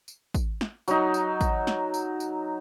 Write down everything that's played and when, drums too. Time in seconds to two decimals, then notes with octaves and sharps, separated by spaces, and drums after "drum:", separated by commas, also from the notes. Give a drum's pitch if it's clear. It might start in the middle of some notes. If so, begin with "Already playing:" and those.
0.08 drum: tambourine
0.34 drum: kick, tambourine
0.61 drum: snare
0.88 F#3 D#4, drum: tambourine
1.14 drum: tambourine
1.41 drum: kick, tambourine
1.67 drum: snare
1.94 drum: tambourine
2.20 drum: tambourine